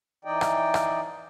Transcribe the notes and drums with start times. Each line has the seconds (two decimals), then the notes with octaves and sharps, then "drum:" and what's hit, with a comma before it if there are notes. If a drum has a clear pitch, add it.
0.25 E3 D#4 D5 D#5 G5
0.41 drum: rim click
0.74 drum: rim click